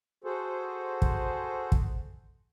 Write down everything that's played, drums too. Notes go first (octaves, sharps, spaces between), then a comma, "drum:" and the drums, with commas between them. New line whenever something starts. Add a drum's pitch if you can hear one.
F#4 G#4 A4 C5
drum: kick
drum: kick